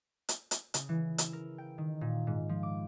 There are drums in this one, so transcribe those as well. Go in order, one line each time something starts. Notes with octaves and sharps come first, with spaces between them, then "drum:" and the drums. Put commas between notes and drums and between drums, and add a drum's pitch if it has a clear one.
drum: hi-hat
drum: hi-hat
C#3, drum: hi-hat
E3
E6, drum: hi-hat
A#4
G5
D#3
A#2
G#2
F3
D6